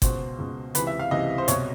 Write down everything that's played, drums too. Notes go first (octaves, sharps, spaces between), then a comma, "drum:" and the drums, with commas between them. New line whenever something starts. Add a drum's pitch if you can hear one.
C#2 B2 C5, drum: kick G1, hi-hat
C#2 B2
C#2 C3 E3 B4, drum: hi-hat
E5
F5
C#2 C3 E3 D#5
C5
C2 B2 C#5, drum: hi-hat